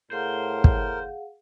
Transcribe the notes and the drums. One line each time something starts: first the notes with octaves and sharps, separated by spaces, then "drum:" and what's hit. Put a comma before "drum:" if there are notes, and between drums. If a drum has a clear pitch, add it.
A2 G#4 A#4 C5 F5 F#5
drum: kick